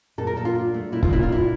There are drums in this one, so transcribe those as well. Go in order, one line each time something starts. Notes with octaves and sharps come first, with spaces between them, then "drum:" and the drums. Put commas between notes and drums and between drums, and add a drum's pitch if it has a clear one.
A#2 A4
A#4
A#2 A4
F4
D4
A3
A#2 E4
F4, drum: kick C#1
A#2 E4
F4
D4 E4